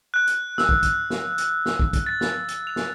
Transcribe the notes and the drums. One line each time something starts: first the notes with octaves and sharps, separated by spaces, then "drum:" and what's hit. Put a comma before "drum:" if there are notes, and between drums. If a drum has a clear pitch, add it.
F#6
drum: hi-hat
E6, drum: snare
drum: kick
drum: kick, hi-hat
drum: snare
drum: hi-hat
drum: snare
drum: kick
drum: kick, hi-hat
A6
drum: snare
drum: hi-hat
F7
drum: snare